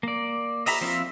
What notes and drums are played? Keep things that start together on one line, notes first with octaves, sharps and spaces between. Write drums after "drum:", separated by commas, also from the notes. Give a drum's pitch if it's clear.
A#3 D5
D#5 E5 A#5 B5, drum: open hi-hat
F3 C4 F4 E5